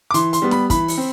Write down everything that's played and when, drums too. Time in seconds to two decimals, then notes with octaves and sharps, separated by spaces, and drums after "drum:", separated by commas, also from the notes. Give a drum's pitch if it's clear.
0.11 D6
0.14 E3 C6, drum: hi-hat
0.33 C6, drum: hi-hat
0.42 G3 B3
0.51 B5, drum: snare
0.70 E3 B5, drum: kick, hi-hat
0.88 drum: open hi-hat
0.97 C4